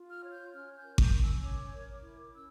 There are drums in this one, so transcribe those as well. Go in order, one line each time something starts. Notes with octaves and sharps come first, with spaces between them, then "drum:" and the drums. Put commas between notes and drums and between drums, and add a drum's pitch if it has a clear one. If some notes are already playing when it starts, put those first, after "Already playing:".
Already playing: F4
F6
C#5
G6
C#4 F6
G6
A#4
G6, drum: kick G#1
C#4
E6
C#5 D6
A#4
D6
E4
C#4 E6